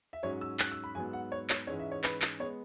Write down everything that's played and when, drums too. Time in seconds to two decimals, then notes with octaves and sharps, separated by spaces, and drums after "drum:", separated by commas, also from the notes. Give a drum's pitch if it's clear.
0.13 E5
0.23 G#2 F#3 C#4 C#5
0.41 E6
0.60 F#6, drum: clap
0.72 E6
0.84 B5
0.95 G#2 F#3 B3 G#5
1.13 F#5
1.32 C#5
1.50 C#5, drum: clap
1.67 G#2 E3 G#3 C#4 C#5
1.79 E5
1.92 C#5
2.04 B4, drum: clap
2.22 drum: clap
2.40 G#3 B3 C#5